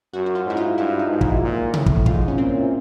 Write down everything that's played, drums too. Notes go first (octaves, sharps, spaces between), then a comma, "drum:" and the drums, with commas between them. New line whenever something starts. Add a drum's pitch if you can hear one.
F#2 F#4
F#4
F4
G#2 E4
F4
G2 E4
D#4
G#2
E4, drum: kick
A#2
A2, drum: tom C3
drum: kick
G#2 F4, drum: kick
C#4
A#2 C4